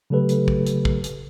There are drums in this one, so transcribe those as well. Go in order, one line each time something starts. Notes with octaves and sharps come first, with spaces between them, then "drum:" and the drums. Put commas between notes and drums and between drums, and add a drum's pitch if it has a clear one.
C#3 F#3 A3 G4 A4 B4
drum: hi-hat
drum: kick
drum: hi-hat
drum: kick
drum: hi-hat